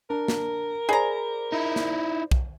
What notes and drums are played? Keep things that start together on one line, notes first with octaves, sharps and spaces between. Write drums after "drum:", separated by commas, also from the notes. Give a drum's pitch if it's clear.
D4 A#4
drum: snare
G#4 C5 D5 A#5 B5
D#4 E4
drum: snare
drum: kick B1